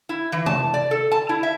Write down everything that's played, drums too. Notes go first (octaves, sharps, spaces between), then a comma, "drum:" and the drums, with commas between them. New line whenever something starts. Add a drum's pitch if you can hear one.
E4
E3
A5, drum: tom C3
D5
A4
A5
E4
E5